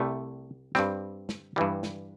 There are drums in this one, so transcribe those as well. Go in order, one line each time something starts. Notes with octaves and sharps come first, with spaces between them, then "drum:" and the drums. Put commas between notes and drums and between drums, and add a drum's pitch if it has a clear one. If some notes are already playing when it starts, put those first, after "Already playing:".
Already playing: C2 C3 G3 A3
G2 G3 C4, drum: snare
drum: snare
G2 E3 G3
drum: snare